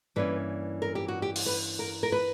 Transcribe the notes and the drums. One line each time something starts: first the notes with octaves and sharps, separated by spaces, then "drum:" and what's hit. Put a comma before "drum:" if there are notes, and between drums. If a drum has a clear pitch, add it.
G2 E3 A#3 C#4 B4
A#4
G4
F#4
G4
drum: open hi-hat
B4
A#4
A#4
B4